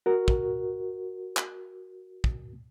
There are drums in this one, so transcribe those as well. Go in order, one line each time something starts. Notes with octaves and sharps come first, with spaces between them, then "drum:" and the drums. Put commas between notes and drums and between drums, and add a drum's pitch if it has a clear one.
F#4 A#4
drum: kick
drum: clap
drum: kick